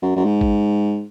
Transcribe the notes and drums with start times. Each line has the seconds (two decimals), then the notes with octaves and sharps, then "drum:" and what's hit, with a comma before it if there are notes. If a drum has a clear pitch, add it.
0.02 F#2
0.16 F#2
0.25 G#2
0.41 drum: kick